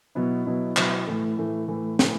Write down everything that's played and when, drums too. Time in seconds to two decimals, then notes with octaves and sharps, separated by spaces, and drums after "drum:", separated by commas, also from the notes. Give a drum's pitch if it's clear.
0.15 B2 F#3 B3 E4
0.46 B2 F#3 B3 E4
0.77 B2 F#3 B3 E4, drum: clap
1.07 A2 E3 A3
1.37 A2 E3 A3
1.68 A2 E3 A3
1.99 A2 E3 A3, drum: snare